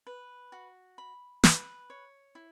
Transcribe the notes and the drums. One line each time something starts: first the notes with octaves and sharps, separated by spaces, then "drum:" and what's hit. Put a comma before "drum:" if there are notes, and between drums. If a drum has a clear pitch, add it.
B4
F#4
B5
B4, drum: snare
C#5
E4